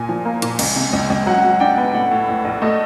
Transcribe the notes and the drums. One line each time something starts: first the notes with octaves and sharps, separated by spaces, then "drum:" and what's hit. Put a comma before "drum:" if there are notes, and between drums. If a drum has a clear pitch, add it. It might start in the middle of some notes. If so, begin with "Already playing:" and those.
Already playing: A#2 G#5
F3
A#3
A#2, drum: hi-hat
C#2, drum: cymbal
C3
C#2
C#2
F#3 F#5
F#3
D4 G5
B3
A2 F#5
A2
A#1
A#1
A3 D#5